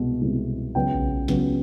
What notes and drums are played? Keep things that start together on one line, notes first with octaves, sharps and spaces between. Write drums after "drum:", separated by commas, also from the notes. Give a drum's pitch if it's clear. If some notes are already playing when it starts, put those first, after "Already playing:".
Already playing: C2 B2 G#3
C2 B2 G#3
C#2 C#3 F#3 B3 G5
drum: kick A#1
C#2 C#3 F#3 B3, drum: snare